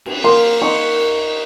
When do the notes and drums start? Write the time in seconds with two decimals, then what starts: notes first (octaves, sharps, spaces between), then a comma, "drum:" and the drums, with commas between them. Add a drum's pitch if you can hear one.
0.06 drum: cymbal
0.24 A#3 C6
0.62 D#4 C#6